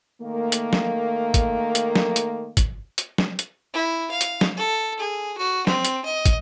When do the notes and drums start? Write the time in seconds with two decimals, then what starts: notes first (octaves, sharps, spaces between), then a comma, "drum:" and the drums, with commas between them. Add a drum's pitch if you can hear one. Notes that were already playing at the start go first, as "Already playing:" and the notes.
0.22 D#3 A3 A#3
0.52 drum: hi-hat
0.73 drum: snare
1.34 drum: kick, hi-hat
1.75 drum: hi-hat
1.96 drum: snare
2.16 drum: hi-hat
2.57 drum: kick, hi-hat
2.98 drum: hi-hat
3.18 drum: snare
3.39 drum: hi-hat
3.74 E4
4.11 F5
4.21 drum: hi-hat
4.41 drum: snare
4.57 A4
4.99 G#4
5.38 F#4
5.67 C4, drum: snare
5.85 drum: hi-hat
6.05 D#5
6.26 drum: kick, hi-hat